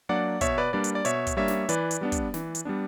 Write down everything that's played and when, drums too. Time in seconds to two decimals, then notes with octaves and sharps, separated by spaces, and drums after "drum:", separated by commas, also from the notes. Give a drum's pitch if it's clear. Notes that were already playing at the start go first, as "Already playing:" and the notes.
0.09 F#3 A#3 D4 D5 F#5
0.41 B2 C#5 E5, drum: kick, hi-hat
0.58 B4 D5
0.73 G3 A#3 D4 B4 D5
0.84 drum: hi-hat
0.95 D5
1.05 B2 C#5 E5, drum: hi-hat
1.27 drum: kick, hi-hat
1.37 G3 A#3 D4 C#5 E5
1.48 drum: snare
1.69 E3 B4 D5, drum: hi-hat
1.91 drum: hi-hat
2.01 G3 B3 D4
2.12 drum: kick, hi-hat
2.34 E3, drum: snare
2.55 drum: hi-hat
2.65 G3 B3 D4